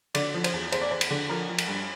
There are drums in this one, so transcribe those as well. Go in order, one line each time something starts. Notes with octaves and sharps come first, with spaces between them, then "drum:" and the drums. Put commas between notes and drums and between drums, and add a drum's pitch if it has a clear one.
D3 D5, drum: cymbal
F3
C5, drum: cymbal
E2
E2 C5, drum: cymbal
D5
E2 C5
drum: cymbal
D3
F3 A#4
F3
drum: cymbal
G2